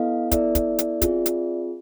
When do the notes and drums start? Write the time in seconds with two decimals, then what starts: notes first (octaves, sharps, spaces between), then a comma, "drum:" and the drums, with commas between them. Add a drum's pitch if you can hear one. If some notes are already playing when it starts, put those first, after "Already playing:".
Already playing: B3 E4 A4 D#5 F5
0.31 B3 E4 A4 D5 E5, drum: kick, hi-hat
0.55 drum: kick, hi-hat
0.79 drum: hi-hat
1.02 C4 F4 G#4, drum: kick, hi-hat
1.26 drum: hi-hat